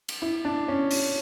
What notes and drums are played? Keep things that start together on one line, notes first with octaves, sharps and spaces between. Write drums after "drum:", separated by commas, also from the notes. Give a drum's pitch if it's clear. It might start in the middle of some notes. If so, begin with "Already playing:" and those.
drum: cymbal
E4
D4
C#4
drum: open hi-hat